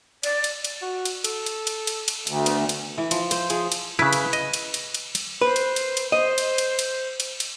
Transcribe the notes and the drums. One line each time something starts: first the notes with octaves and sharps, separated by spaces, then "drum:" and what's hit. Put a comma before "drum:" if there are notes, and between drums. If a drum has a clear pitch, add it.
D5, drum: cymbal
drum: cymbal
drum: cymbal
F#4
drum: cymbal
A4, drum: cymbal
drum: cymbal
drum: cymbal
drum: cymbal
drum: cymbal
D2, drum: cymbal
B3, drum: cymbal
drum: cymbal
E3
F3, drum: cymbal
C5, drum: cymbal
F3 G#4, drum: cymbal
drum: cymbal
C#3 E4 B4
drum: cymbal
D#5, drum: cymbal
drum: cymbal
drum: cymbal
drum: cymbal
drum: cymbal
B4 C5
drum: cymbal
drum: cymbal
drum: cymbal
C5 D#5
drum: cymbal
drum: cymbal
drum: cymbal
drum: cymbal
drum: cymbal